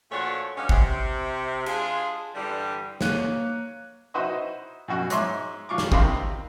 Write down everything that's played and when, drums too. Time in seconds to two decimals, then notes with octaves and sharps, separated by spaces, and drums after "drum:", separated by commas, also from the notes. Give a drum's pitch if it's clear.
0.12 A#2 F3 A3 D4 F#4 C#5
0.56 G2 C#4 D4 F#4 D#5 F5
0.69 C3, drum: kick G#1
1.66 G#3 D4 F4 G#4, drum: cymbal
2.35 G2 D3 E3 G3
3.01 A#3 C#5 F#6 D#7, drum: snare
4.14 D#4 E4 F#4 B4 C5 D#5
4.88 F#2 B2 F#4
5.10 G#2 C#5 E5 C6 D6, drum: hi-hat
5.69 F#3 F4 C#6 D6
5.78 drum: snare
5.92 C3 D#3 C4 F5 B5 C6, drum: kick G#1